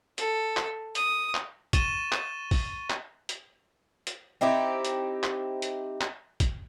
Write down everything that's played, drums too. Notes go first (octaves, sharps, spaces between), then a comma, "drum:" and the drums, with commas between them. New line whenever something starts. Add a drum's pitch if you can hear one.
A4, drum: hi-hat
drum: clap
D#6, drum: hi-hat
drum: clap
C#6 A6 D#7 E7 G7, drum: kick, hi-hat
drum: clap
drum: kick, open hi-hat
drum: clap
drum: hi-hat
drum: hi-hat
C4 D#4 E4 G4
drum: hi-hat
drum: clap
drum: hi-hat
drum: clap
drum: kick, hi-hat